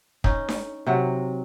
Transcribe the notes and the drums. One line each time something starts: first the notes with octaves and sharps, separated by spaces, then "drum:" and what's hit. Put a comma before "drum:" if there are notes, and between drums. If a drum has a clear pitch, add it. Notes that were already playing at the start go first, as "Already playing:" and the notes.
C#4 D#4, drum: kick
drum: snare D4
C3 F#3